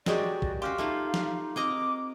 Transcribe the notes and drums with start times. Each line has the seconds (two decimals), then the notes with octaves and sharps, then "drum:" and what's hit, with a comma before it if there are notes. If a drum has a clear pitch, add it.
0.06 F#3 G#3 F#4 G4 A#4 D5 D#5 G5, drum: snare
0.42 drum: kick
0.62 C#4 F#4 G4 F5 C6 D6 F6
0.78 A3 A#3 D#4 F4
1.14 drum: snare
1.56 A#3 C4 D#5 A#5 D6